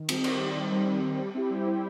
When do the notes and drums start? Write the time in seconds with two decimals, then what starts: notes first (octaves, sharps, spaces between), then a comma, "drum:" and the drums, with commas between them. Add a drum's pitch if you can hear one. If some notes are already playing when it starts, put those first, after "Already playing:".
Already playing: D#3
0.09 G3 C4, drum: cymbal
0.24 D#3, drum: cymbal
0.40 G3 C4
0.56 D#3
0.72 G3 C4
0.87 D#3
1.03 G3 C4
1.19 G3
1.34 C4 E4 G4
1.50 G3
1.66 C4 E4 G4